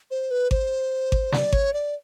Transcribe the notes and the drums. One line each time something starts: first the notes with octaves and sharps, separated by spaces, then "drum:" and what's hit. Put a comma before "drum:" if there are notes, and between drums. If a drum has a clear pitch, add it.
C5
B4
C5, drum: kick G#1
drum: kick G#1
D5, drum: snare
C#5, drum: kick G#1
D5